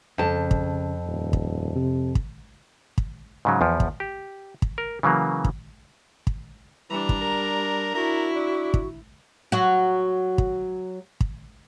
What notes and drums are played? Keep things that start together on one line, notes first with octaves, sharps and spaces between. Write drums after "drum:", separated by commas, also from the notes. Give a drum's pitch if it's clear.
F2 C#3 A5
drum: kick
D#1
drum: kick
C3
drum: kick
drum: kick
G#2 C#3 F#3
E2 F3
drum: kick
G4
drum: kick
A#4
C#3 E3 F#3 A#3
drum: kick
drum: kick
E3 G3 D4 A#5
drum: kick
A#4
E4 F#4 A#4
D4
drum: kick
F#3 F#4
drum: kick
drum: kick